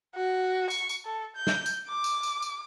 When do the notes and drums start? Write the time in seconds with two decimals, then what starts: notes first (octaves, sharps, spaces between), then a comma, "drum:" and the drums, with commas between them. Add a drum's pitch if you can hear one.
0.15 F#4
0.70 C#6, drum: tambourine
0.89 drum: tambourine
1.05 A4
1.36 G6
1.47 drum: snare
1.66 drum: tambourine
1.88 D6
2.04 drum: tambourine
2.23 drum: tambourine
2.42 drum: tambourine